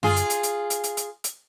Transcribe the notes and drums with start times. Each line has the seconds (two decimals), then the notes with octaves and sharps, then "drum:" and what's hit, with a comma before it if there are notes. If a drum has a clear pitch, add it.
0.03 F4 G#4, drum: tom F#2
0.16 drum: hi-hat
0.30 drum: hi-hat
0.43 drum: hi-hat
0.70 drum: hi-hat
0.84 drum: hi-hat
0.97 drum: hi-hat
1.24 drum: hi-hat